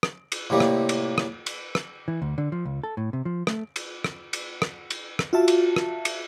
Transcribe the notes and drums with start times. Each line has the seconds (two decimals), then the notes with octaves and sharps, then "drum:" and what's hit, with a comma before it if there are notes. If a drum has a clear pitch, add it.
0.03 drum: rim click
0.32 drum: cymbal
0.50 A2 C3 G3 A#3
0.60 drum: rim click
0.89 drum: cymbal
1.18 drum: rim click
1.46 drum: cymbal
1.75 drum: rim click
2.08 E3
2.22 D2
2.38 D3
2.52 F3
2.65 C#2
2.84 A4
2.97 A2
3.13 C3
3.25 F3
3.47 A3, drum: rim click
3.76 drum: cymbal
4.04 drum: rim click
4.33 drum: cymbal
4.62 drum: rim click
4.90 drum: cymbal
5.19 drum: rim click
5.33 F4 F#4 E5 A5
5.48 drum: cymbal
5.76 drum: rim click
6.05 drum: cymbal